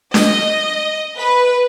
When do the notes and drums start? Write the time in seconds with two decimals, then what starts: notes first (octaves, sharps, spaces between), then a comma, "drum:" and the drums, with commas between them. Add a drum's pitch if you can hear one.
0.14 D#5, drum: snare D4
1.18 B4